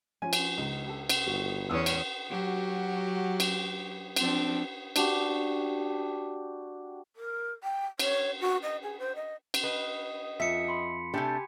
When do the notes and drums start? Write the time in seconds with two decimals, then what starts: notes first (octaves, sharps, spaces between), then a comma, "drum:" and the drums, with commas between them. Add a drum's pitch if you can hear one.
0.22 F3 C#4 G#5
0.33 drum: cymbal
0.57 C#2 D#4
0.86 G4 A4
1.09 drum: cymbal
1.27 G1 F#4
1.69 E2 C#4 D#6 E6
1.86 drum: cymbal
2.30 F#3 F#4 G4
3.40 drum: cymbal
4.16 F3 C4 D4, drum: cymbal
4.96 D4 F#4 G4, drum: cymbal
7.16 A#4
7.64 G5
7.99 C#5, drum: cymbal
8.41 F#4
8.63 D#5
8.83 G#4
8.99 C5
9.16 D#5
9.54 drum: cymbal
9.64 B4 D#5
10.40 F2 E5 B6 C#7
10.68 B5 C6
11.14 C3 A3 D4 G4 G#5